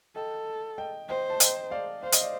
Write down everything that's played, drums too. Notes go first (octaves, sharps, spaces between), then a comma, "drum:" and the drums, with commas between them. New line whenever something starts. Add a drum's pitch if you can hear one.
A4 D#5 G5
D#5 G5
C5 D#5 G5
A5
D#5 G5, drum: hi-hat
D5 F5
C5 F5
D#5, drum: hi-hat
D5 F5